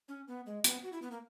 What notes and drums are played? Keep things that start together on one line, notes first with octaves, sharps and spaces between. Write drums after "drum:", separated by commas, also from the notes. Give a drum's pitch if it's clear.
C#4
B3
G#3
B3, drum: hi-hat
F#4
E4
B3
A#3